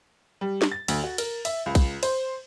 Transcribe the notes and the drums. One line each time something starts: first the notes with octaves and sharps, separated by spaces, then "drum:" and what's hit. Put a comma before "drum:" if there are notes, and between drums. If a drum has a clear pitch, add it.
G3
drum: snare
A6
D2, drum: cymbal
F#4
A#4, drum: cymbal
E5, drum: cymbal
C#2
drum: kick B1, cymbal
C5, drum: cymbal